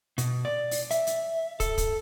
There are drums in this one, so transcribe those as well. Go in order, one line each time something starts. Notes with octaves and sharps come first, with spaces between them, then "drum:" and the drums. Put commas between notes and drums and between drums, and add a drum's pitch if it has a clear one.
B2, drum: hi-hat
D5
drum: open hi-hat
E5, drum: hi-hat
drum: hi-hat
A4, drum: kick, hi-hat
drum: kick, hi-hat